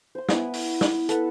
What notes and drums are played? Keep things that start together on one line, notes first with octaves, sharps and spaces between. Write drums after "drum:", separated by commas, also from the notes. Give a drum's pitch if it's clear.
C5 C6
B3 E4 G#5, drum: snare
drum: open hi-hat
drum: snare
A4 B4 F#5, drum: hi-hat